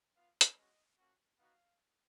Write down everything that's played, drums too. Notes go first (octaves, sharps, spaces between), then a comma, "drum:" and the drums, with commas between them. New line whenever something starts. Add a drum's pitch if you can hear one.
B3 F4 F5
drum: hi-hat
G#3 C#4 F#4 D#5
A#3 C#4 F#4
B3 D#4 F#4 F5